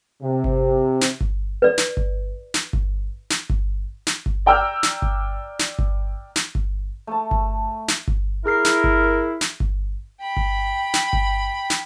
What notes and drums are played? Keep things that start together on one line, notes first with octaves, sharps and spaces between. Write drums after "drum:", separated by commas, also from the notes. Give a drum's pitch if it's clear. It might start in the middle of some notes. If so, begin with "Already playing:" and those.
C3
drum: kick G1
drum: snare
drum: kick G1
B4 D5
drum: snare
drum: kick G1
drum: snare
drum: kick G1
drum: snare
drum: kick G1
drum: snare
drum: kick G1
D5 G5 A#5 E6 F6 G6
drum: snare
drum: kick G1
drum: snare
drum: kick G1
drum: snare
drum: kick G1
A3 A5
drum: kick G1
drum: snare
drum: kick G1
E4 G#4 A#4 F6 C7
drum: snare
drum: kick G1
drum: snare
drum: kick G1
G5 B5
drum: kick G1
drum: snare
drum: kick G1
drum: snare